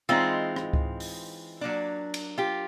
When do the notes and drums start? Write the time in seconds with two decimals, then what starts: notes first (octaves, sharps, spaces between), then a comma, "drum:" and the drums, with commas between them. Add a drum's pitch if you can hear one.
0.09 E3 G#3 C4 D#4 F4
0.56 drum: rim click
0.73 drum: kick C#2
1.00 drum: open hi-hat
1.61 F#3 A#3 D4
2.14 drum: cymbal
2.38 F4 G4